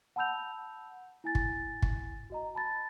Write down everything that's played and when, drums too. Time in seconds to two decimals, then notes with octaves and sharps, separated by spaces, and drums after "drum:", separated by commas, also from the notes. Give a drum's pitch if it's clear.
0.16 F#5 A5 B5 E6 G6 F7
1.24 E4 G#5 A6
1.35 drum: kick G1
1.82 drum: kick G1
2.30 F#4 D#5 A#5
2.55 A5 B5 A6